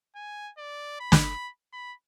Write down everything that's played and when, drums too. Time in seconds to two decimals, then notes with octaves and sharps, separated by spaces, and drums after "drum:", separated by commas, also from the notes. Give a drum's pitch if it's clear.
0.15 G#5
0.58 D5
1.00 B5
1.12 drum: snare
1.73 B5